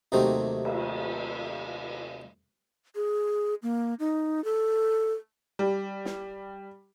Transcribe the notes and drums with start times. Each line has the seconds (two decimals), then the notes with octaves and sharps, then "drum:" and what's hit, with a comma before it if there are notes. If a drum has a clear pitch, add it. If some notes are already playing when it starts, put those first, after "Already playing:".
0.12 D#2 C3 F#3 A3 C4 D#4
0.65 drum: cymbal
2.95 G#4
3.63 A#3
4.00 D#4
4.45 A4
5.59 G3
6.05 drum: snare